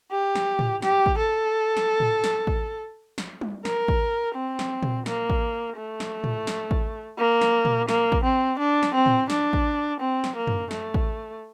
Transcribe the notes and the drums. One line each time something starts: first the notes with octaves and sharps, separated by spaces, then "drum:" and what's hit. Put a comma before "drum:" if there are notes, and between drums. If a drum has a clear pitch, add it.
G4
drum: snare
drum: tom A2
G4, drum: snare
drum: kick A1
A4
drum: snare
drum: tom A2
drum: snare
drum: kick A1
drum: snare
drum: tom G3
A#4, drum: snare
drum: kick A1
C4
drum: snare
drum: tom A#2
A#3, drum: snare
drum: kick A1
A3
drum: snare
drum: tom A2
drum: snare
drum: kick A1
A#3
drum: snare
drum: tom A#2
A#3, drum: snare
drum: kick A1
C4
D4
drum: snare
C4
drum: tom A2
D4, drum: snare
drum: kick A1
C4
drum: snare
A#3
drum: tom F#2
A3, drum: snare
drum: kick A1